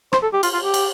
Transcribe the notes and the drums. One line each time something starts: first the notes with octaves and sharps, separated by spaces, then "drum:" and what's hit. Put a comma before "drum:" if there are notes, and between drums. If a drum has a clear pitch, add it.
C5, drum: rim click
A4
G4
F4, drum: cymbal
F4
G4
drum: cymbal